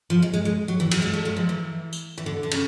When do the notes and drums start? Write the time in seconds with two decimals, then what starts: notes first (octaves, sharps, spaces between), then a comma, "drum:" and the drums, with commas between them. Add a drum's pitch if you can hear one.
0.10 F3
0.22 G#3
0.34 G#3
0.45 G#3
0.68 F#3
0.80 E3
0.92 F#3, drum: cymbal
1.02 G#3
1.13 A3
1.25 G#3
1.37 F3
1.49 E3
1.93 drum: tambourine
2.18 E3
2.26 D3
2.43 D3
2.52 C#3, drum: cymbal